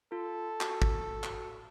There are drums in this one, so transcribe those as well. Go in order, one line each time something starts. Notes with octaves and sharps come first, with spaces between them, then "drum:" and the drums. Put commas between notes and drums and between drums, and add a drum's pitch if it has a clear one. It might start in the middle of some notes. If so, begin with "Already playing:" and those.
F4 A4
F#4, drum: clap
drum: kick G#1
drum: clap